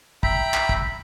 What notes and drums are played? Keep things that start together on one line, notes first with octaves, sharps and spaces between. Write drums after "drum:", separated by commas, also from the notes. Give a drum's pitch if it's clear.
E5 G5 A#5 B5, drum: kick
drum: clap
drum: kick